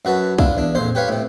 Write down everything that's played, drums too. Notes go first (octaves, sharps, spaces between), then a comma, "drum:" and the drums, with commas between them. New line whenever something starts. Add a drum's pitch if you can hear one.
F#2 F#4 B4 A5
D4 E4 F4, drum: kick
E2 D4
A#1 F2 C5 C6
G4 B4 C#5 F5
A2 C3